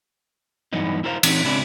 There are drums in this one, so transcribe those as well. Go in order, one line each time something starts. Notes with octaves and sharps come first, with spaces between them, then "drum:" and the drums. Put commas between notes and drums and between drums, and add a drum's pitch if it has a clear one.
G2 E3 F#3 B3 D#4
E4 F#4 A#4 C5 C#5 F5
E3 C4 D#4, drum: cymbal
C#2 C4 D4 E4 D5